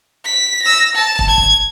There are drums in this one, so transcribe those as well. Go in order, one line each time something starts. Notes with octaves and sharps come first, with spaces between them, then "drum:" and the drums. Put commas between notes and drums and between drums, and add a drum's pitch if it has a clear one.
B6
E6 A#6
A5
drum: kick
G#6
drum: kick